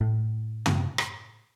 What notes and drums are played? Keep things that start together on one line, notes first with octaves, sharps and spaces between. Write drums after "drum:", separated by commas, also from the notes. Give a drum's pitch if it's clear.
A2
drum: tom
drum: rim click